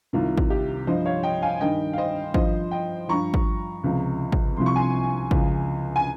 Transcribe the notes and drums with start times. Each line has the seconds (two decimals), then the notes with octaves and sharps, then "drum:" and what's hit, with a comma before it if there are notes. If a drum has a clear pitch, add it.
0.13 C2 C3 D#3 F4
0.38 drum: kick G#1
0.50 G4
0.87 G2 F3 C5 D#5
1.06 C#5 F5
1.23 D#5 G5
1.42 F5 G#5
1.60 G2 D#3 D#5 G5
1.93 F5
1.98 C5 D#5
2.34 G2 F3 C5 D#5, drum: kick G#1
2.71 D#5 G5
3.08 G2 F3 A#5 C#6
3.34 drum: kick G#1
3.84 C#2 C3 F3
4.32 drum: kick G#1
4.57 C2 C3 F3 C6
4.66 C#6
4.76 G#5 C6
5.31 C#2 C#3 F3, drum: kick G#1
5.96 G#5